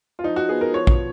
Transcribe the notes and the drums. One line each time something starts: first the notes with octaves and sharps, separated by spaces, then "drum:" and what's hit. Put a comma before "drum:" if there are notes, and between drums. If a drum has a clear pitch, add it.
F4
F3 D#4
F#4
B3 G#4
A#4
F3 C#5
drum: kick